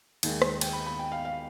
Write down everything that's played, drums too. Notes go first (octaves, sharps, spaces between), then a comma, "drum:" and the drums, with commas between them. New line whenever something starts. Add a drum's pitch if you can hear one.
D#2 D#3 G#3, drum: cymbal
drum: rim click
G5, drum: cymbal
B5
B5
G5
F5
F5